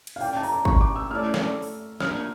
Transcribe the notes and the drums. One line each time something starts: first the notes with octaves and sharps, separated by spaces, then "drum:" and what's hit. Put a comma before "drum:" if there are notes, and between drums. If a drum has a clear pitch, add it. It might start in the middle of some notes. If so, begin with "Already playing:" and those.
drum: cymbal
F5
C#4 E4 A4 D5 G5, drum: open hi-hat
A5
A#5, drum: open hi-hat
C#6, drum: kick
D6
E6
A3 C#4 E4 A4 D5 F6
drum: snare
drum: open hi-hat
A#3 D4 F4 A#4 F6, drum: snare